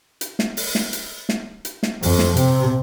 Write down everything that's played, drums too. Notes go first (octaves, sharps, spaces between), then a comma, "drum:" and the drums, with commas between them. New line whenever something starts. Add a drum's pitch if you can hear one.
drum: hi-hat
drum: snare
drum: open hi-hat
drum: snare
drum: hi-hat
drum: snare
drum: hi-hat
drum: snare
F2, drum: open hi-hat
drum: snare
C3, drum: hi-hat